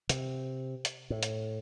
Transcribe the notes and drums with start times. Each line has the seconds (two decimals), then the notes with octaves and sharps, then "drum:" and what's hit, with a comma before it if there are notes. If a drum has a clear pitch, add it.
0.09 C3, drum: hi-hat
0.85 drum: hi-hat
1.10 A2
1.23 drum: hi-hat